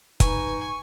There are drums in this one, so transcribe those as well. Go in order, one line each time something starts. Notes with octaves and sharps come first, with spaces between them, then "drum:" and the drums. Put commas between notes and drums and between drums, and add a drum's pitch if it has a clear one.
D#4 B4 G#5 C#6, drum: kick, hi-hat